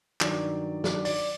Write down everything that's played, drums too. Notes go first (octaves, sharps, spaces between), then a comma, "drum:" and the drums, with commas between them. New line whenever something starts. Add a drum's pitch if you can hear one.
G2 D#3 F#3 D5, drum: clap
D5, drum: snare
D5, drum: open hi-hat